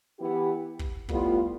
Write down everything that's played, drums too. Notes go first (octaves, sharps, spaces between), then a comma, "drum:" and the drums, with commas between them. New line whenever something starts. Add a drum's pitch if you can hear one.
E3 B3 E4 G4
drum: kick
A2 G3 B3 F4, drum: kick